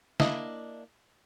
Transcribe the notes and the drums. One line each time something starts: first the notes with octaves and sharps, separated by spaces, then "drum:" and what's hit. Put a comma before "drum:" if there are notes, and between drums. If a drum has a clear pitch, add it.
A#3 D4 E4 D#5, drum: snare